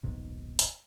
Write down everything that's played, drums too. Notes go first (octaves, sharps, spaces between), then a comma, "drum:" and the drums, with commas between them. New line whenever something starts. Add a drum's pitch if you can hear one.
D#1 B1 G#2 B2
drum: hi-hat